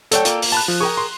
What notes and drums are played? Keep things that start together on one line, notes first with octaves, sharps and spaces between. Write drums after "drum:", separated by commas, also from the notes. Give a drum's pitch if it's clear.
F#3 A3 A4 C#5 D5 G5, drum: hi-hat
A#3 F4, drum: hi-hat
drum: open hi-hat
A5 B5 F#6
F3
G#4 A#4 G5 C#6
C6